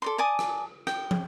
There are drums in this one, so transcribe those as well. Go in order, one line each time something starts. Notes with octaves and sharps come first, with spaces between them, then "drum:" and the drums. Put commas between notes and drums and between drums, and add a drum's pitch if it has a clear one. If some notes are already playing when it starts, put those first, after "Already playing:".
A4 D5 C6
D5 G#5 A5 D#6
drum: rim click
G5, drum: rim click
drum: tom